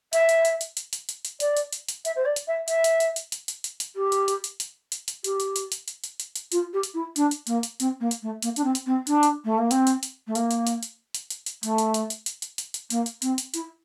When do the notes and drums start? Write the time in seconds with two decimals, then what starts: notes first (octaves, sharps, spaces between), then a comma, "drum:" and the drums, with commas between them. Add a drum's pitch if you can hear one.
0.13 E5, drum: hi-hat
0.29 drum: hi-hat
0.45 drum: hi-hat
0.61 drum: hi-hat
0.77 drum: hi-hat
0.93 drum: hi-hat
1.09 drum: hi-hat
1.25 drum: hi-hat
1.40 D5, drum: hi-hat
1.57 drum: hi-hat
1.73 drum: hi-hat
1.88 drum: hi-hat
2.05 E5, drum: hi-hat
2.16 C5
2.25 D5
2.36 drum: hi-hat
2.47 E5
2.68 E5, drum: hi-hat
2.84 drum: hi-hat
3.00 drum: hi-hat
3.16 drum: hi-hat
3.32 drum: hi-hat
3.48 drum: hi-hat
3.64 drum: hi-hat
3.80 drum: hi-hat
3.96 G4
4.12 drum: hi-hat
4.28 drum: hi-hat
4.44 drum: hi-hat
4.60 drum: hi-hat
4.92 drum: hi-hat
5.08 drum: hi-hat
5.24 G4, drum: hi-hat
5.40 drum: hi-hat
5.56 drum: hi-hat
5.72 drum: hi-hat
5.88 drum: hi-hat
6.04 drum: hi-hat
6.20 drum: hi-hat
6.36 drum: hi-hat
6.52 F4, drum: hi-hat
6.73 G4
6.83 drum: hi-hat
6.94 E4
7.16 D4, drum: hi-hat
7.31 drum: hi-hat
7.47 A#3, drum: hi-hat
7.63 drum: hi-hat
7.80 C4, drum: hi-hat
8.00 A#3
8.11 drum: hi-hat
8.22 A3
8.42 A#3, drum: hi-hat
8.56 D4, drum: hi-hat
8.64 C4
8.75 drum: hi-hat
8.86 C4
9.07 D4, drum: hi-hat
9.23 drum: hi-hat
9.45 A3
9.58 A#3
9.71 C4, drum: hi-hat
9.87 drum: hi-hat
10.03 drum: hi-hat
10.27 A3
10.35 A#3, drum: hi-hat
10.51 drum: hi-hat
10.67 drum: hi-hat
10.83 drum: hi-hat
11.14 drum: hi-hat
11.30 drum: hi-hat
11.46 drum: hi-hat
11.63 A3, drum: hi-hat
11.78 drum: hi-hat
11.94 drum: hi-hat
12.10 drum: hi-hat
12.26 drum: hi-hat
12.42 drum: hi-hat
12.58 drum: hi-hat
12.74 drum: hi-hat
12.90 A#3, drum: hi-hat
13.06 drum: hi-hat
13.22 C4, drum: hi-hat
13.38 drum: hi-hat
13.54 E4, drum: hi-hat